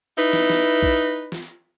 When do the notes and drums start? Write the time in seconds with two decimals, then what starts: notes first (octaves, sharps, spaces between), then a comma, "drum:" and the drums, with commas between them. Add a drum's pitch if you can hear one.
0.17 D#4 E4 B4
0.33 drum: snare
0.50 drum: snare
0.83 drum: kick A#1
1.32 drum: snare